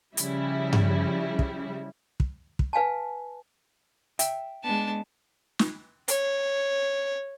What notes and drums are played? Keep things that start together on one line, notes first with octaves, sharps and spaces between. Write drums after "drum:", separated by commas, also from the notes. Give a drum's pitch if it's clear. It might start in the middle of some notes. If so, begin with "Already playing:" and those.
C#3 F3 G3 E4, drum: hi-hat
drum: tom G2
drum: kick
drum: kick
drum: kick
B4 F5 G#5 A5
E5 G5, drum: hi-hat
G#3 B3 D4 A5
drum: snare
C#5, drum: hi-hat